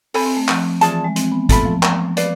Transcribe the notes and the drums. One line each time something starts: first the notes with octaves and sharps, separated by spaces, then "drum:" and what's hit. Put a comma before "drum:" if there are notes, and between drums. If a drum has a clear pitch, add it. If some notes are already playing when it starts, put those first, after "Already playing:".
C4 A4 C5 G#5 B5, drum: open hi-hat
C4
A3
F3, drum: clap
E3 F4 G#4 D5 A5, drum: hi-hat
G#3
C4, drum: hi-hat
B3
A3 F4 A4 E5 B5, drum: kick, hi-hat
F3
drum: clap
B4 D5 F5, drum: hi-hat